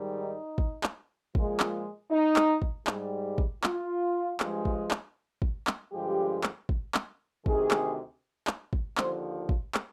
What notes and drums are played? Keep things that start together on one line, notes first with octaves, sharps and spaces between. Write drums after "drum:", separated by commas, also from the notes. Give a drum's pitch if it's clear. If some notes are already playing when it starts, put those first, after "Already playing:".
Already playing: G#2 D#3 G3
D#4
drum: kick
drum: clap
A#2 F3 G#3, drum: kick
drum: clap
D#4
drum: clap
drum: kick
G#2 G3, drum: clap
drum: kick
F4, drum: clap
G2 F3 G#3, drum: clap
drum: kick
drum: clap
drum: kick
drum: clap
G2 D3 F3 G#3 G4
drum: clap
drum: kick
drum: clap
D2 C3 D#3 G#4, drum: kick
drum: clap
drum: clap
drum: kick
D#2 D3 F3 C5, drum: clap
drum: kick
drum: clap